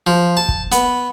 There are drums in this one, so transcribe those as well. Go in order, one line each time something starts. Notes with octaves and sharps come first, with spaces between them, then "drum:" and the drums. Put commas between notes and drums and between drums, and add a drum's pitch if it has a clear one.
F3
A5
drum: kick
B3, drum: hi-hat